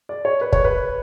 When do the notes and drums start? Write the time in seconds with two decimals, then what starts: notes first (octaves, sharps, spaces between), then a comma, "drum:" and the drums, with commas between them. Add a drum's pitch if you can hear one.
0.09 D5
0.25 C#5
0.41 B4
0.53 C#5, drum: kick
0.64 B4